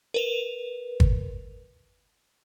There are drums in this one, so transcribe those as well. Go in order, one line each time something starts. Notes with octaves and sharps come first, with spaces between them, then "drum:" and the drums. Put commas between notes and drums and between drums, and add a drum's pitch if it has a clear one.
A#4 B4 F7
drum: kick